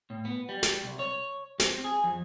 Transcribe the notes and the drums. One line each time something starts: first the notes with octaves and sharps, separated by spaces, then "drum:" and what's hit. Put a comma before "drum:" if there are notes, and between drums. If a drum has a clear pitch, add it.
A2
B3
G3
drum: snare
C2
C#5
C4, drum: snare
G#4
F2